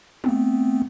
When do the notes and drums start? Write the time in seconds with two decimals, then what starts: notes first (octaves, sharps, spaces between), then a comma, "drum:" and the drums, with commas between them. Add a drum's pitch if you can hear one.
0.24 A3 B3 C4, drum: tom